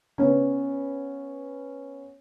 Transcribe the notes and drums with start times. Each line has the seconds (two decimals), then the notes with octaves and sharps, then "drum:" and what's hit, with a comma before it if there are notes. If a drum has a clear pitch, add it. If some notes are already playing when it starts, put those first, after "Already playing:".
0.18 B3 C#4, drum: tom C#3